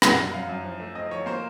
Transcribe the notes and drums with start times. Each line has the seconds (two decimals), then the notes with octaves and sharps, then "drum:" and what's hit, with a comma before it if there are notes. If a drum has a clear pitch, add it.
0.02 F#2 F#5, drum: rim click
0.17 F#2
0.33 F#2 F5
0.49 F#2
0.64 F3
0.80 A3
0.95 C4 D#5
1.11 F3 C#5
1.26 A#3 C5